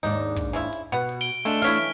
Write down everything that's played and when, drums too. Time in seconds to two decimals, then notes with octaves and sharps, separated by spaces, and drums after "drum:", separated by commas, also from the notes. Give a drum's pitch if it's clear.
0.03 D#2 G#2 D4 D#4
0.36 drum: kick, open hi-hat
0.53 C#3 F3 E4
0.73 drum: hi-hat
0.92 B2 B3 F#5, drum: hi-hat
1.09 drum: hi-hat
1.21 D7 G7
1.45 G#3 A3 D4 F4, drum: hi-hat
1.62 E3 E4 C#5 F5 F6 B6, drum: snare